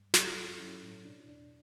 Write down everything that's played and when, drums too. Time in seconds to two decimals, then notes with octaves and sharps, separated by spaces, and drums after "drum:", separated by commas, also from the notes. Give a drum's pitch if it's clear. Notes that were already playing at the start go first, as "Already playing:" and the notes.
Already playing: G2
0.14 F#3 F#4 A4, drum: snare
0.37 F#3
0.60 F#3 C#4 E4
0.82 A2
1.05 B2 D4
1.27 E2 D4